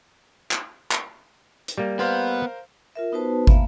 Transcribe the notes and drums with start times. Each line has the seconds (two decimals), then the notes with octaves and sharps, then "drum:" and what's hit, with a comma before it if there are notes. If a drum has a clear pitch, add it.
0.51 drum: clap
0.92 drum: clap
1.68 drum: hi-hat
1.78 G3 A#3
1.99 B3 A#4 C5 F5
2.96 F4 A#4 E5
3.12 B3 D#4 F#4 B4 C5 A5
3.47 A3 A#3 C#5 E5 F5 B5, drum: kick